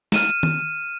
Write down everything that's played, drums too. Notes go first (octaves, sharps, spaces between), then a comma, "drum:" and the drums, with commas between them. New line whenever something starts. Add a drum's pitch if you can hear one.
F6 D#7 E7, drum: snare
drum: tom D#3